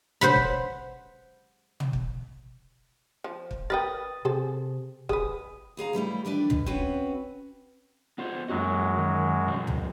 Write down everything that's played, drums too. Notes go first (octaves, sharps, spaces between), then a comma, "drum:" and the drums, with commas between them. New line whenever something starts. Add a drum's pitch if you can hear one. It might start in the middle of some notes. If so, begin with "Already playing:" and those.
C5 F#5 B5, drum: tom
drum: kick
drum: tom
drum: kick
F3
drum: kick
A#4 B4 G5 D#6 A6
C3 G#4 A4 C5
G#4 B4 D#6, drum: kick
D#2 G#4 F5 A#5
E3 G3 A3 E4
D#3 E3 D4 A4 B4 D5
B2, drum: tom
C4 C#4 F#4 B4 C#5, drum: kick
B3 F4 C5
F#2 E3 F#3 G#3 A#3 F#4
D#3
B2 F3 G3
drum: tom